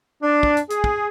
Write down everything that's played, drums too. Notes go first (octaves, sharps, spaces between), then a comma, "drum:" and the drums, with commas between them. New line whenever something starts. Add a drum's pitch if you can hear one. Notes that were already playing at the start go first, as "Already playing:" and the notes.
D4
drum: kick
drum: hi-hat
G#4, drum: hi-hat
drum: kick